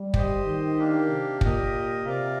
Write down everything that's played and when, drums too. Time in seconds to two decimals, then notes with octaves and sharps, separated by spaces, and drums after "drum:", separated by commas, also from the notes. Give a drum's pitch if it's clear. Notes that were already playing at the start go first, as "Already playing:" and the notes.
Already playing: G3
0.14 G4 C5 D#5, drum: kick
0.45 D#3
0.78 A#3 D4 G4
1.10 C3
1.41 A#2 G4 A#4 D#5, drum: kick
2.05 C3 F4 A#4 D5